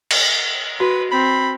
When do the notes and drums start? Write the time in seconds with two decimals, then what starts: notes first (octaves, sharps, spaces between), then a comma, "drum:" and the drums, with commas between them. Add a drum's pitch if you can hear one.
0.11 drum: cymbal
0.80 F#4 B4
1.11 C4 B5